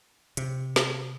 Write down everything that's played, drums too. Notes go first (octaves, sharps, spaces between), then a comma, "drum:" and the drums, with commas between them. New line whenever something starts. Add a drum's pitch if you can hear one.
C3, drum: hi-hat
drum: snare